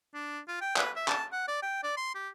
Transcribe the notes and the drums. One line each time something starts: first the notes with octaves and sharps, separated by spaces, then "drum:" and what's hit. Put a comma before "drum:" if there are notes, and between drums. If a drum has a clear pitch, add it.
D4
F4
G5
B4, drum: clap
E5
A5, drum: clap
F#5
D5
G5
D5
C6
G4